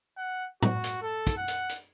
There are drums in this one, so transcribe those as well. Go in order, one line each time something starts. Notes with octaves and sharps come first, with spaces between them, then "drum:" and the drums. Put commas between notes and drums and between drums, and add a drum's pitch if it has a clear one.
F#5
F#4, drum: tom A2
drum: hi-hat
A4
drum: kick, hi-hat
F#5
drum: hi-hat
drum: hi-hat